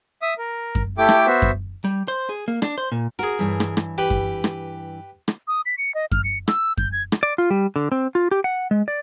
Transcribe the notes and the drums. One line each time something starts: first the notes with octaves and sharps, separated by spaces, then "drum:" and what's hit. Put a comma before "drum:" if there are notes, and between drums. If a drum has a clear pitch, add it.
E5 D#6
A#4
drum: kick F#2
A3 E4 G4 A4 G5 D6
drum: rim click
B3 F#4 C5 E5
drum: kick F#2
G3
C5
G#4
A#3
D4, drum: rim click
C5
A#2
F#4 G#4 A#4
G2 E3 C#5
drum: rim click
drum: rim click
G4 B4
drum: kick F#2
drum: rim click
drum: rim click
D#6
B6
C#7
D#5
F6, drum: kick F#2
C#7
E6, drum: rim click
G6, drum: kick F#2
G#6
drum: rim click
D5
F4
G3
D3
C4
F4
G4
F#5
G#3
D5